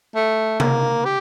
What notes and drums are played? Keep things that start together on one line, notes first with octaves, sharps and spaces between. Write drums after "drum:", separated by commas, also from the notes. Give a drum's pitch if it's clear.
A3
A#3, drum: tom C3
G4